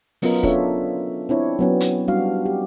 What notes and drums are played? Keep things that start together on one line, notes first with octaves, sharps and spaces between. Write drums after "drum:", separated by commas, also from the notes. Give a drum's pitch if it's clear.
F#3 B3 C#4 F4 A#4 D#5, drum: open hi-hat
C#4 D4 F4 A4 C#5 E5, drum: kick
C4 D4 E4 C#5
F#3 B3 C#4
drum: hi-hat
G3 D4 F#4 F5
G4